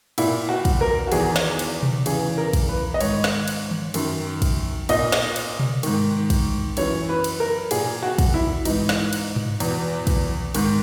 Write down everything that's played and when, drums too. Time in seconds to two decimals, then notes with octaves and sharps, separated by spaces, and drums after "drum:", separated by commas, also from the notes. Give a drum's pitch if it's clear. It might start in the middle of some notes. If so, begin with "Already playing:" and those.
0.18 A#2 E4, drum: cymbal
0.49 F#4
0.65 drum: kick, cymbal
0.81 A#4
1.07 F#4
1.12 E2 D#3 G#4, drum: cymbal
1.36 drum: snare
1.59 drum: cymbal
1.83 drum: tom B2
2.06 E2 C#3 E3 G#4, drum: cymbal
2.38 A#4
2.53 drum: kick, cymbal
2.69 B4
2.94 D#5
3.00 G#2 D#3 C#5, drum: cymbal
3.24 drum: snare
3.48 drum: cymbal
3.71 drum: tom
3.94 F#2 D#3, drum: cymbal
4.42 drum: kick, cymbal
4.89 A#2 D#5, drum: cymbal
5.12 drum: snare
5.36 drum: cymbal
5.59 drum: tom B2
5.83 G#2 D#3, drum: cymbal
6.30 drum: kick, cymbal
6.77 F#2 E3 C#5, drum: cymbal
7.09 B4
7.24 drum: cymbal
7.40 A#4
7.71 A#2 G#4, drum: cymbal
8.03 F#4
8.18 drum: kick, cymbal
8.34 E4
8.65 G#2 E3 D#4, drum: cymbal
8.89 drum: snare
9.13 drum: cymbal
9.36 drum: tom G#2
9.60 E2 B2, drum: cymbal
10.07 drum: kick, cymbal
10.54 G#2 D#3, drum: cymbal